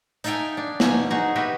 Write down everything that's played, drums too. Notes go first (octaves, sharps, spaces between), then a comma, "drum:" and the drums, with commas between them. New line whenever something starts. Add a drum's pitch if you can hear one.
D#4 A4 E5 F5 G5 G#5, drum: hi-hat
D4
B2 F3 C#4 D#4 G#5, drum: snare
D#4 F#4 G#4
F#4 G4 B4 D#5 E5